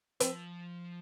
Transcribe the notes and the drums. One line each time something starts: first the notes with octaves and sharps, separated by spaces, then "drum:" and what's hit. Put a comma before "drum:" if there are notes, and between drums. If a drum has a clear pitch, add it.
F3 C4, drum: hi-hat